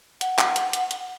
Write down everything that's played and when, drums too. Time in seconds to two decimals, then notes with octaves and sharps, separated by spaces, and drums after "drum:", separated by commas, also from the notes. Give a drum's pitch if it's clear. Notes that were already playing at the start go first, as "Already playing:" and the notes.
0.21 F#5, drum: hi-hat
0.39 drum: clap
0.56 drum: hi-hat
0.73 drum: hi-hat
0.91 drum: hi-hat